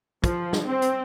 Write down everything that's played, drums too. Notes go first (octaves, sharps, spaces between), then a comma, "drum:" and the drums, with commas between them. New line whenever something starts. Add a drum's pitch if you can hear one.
F3, drum: kick, hi-hat
drum: snare
C4
drum: hi-hat